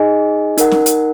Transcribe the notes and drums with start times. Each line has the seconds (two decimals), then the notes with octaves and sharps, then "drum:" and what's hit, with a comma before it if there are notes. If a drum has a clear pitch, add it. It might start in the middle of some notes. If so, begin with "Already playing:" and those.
Already playing: D#4 G#4 D#5 G#5
0.58 D#4 A#4 F#5, drum: hi-hat
0.71 drum: snare
0.86 drum: hi-hat